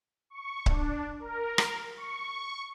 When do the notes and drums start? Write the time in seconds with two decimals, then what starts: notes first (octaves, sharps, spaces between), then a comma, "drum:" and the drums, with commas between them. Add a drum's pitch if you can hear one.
0.30 C#6
0.66 D4, drum: kick C#1
1.19 A#4
1.58 drum: rim click
1.95 C#6